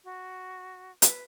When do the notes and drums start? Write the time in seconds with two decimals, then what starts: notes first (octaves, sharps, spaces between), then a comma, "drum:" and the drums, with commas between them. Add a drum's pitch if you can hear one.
0.04 F#4
1.02 B4, drum: hi-hat